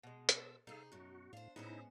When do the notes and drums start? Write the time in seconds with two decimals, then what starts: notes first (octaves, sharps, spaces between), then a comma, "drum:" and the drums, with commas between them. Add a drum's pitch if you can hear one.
0.03 B2 G#3
0.29 A4 C5 E6, drum: hi-hat
0.67 C3 D#4 G#4 A4 F5
0.92 F#2 B2 F#4
1.33 A2 D4 C5 F5
1.56 A2 G#3 B3 C#4 D#4 E4 C5